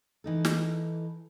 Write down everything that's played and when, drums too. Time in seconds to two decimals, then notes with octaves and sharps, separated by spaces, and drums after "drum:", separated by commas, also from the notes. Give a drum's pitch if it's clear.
0.24 E3 D#4 A4
0.45 drum: snare